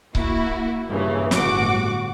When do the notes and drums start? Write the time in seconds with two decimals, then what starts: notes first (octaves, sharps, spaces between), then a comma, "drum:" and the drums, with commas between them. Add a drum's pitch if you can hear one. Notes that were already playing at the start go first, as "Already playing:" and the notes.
0.15 A#3 E4 F#4, drum: kick C#1
0.87 G2 A#2 C#3 E3
1.31 G1 A2 F#4 F#5 D6, drum: snare